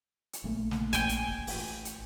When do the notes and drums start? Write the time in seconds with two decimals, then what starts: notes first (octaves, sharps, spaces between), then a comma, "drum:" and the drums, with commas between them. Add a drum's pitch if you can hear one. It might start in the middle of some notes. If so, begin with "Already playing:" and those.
0.33 drum: hi-hat
0.44 A#1 A3 A#3
0.71 drum: snare
0.93 G5 G#5, drum: kick, hi-hat
1.09 drum: hi-hat
1.28 drum: kick
1.47 A1, drum: open hi-hat
1.85 drum: hi-hat